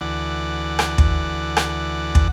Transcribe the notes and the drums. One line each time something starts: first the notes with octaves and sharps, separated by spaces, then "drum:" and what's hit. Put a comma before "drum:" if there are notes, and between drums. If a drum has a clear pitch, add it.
D2 E3 D5 F#5
drum: rim click
drum: kick
drum: rim click
drum: kick